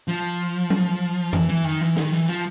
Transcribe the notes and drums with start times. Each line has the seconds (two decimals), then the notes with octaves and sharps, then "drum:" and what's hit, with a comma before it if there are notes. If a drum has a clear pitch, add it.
0.08 F3
0.70 drum: tom F#3
1.33 E3, drum: tom F2
1.49 E3
1.65 D#3
1.81 E3
1.97 D#3, drum: snare
2.12 E3
2.29 F3